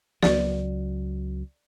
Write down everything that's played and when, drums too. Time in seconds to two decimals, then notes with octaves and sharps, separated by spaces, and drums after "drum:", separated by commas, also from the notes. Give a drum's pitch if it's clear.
0.23 C#2 F#3 D5, drum: snare